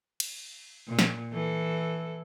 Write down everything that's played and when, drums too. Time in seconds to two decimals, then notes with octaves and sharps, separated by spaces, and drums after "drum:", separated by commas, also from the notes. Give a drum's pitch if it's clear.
0.20 drum: cymbal
0.88 A#2
0.99 drum: snare
1.33 E3 A4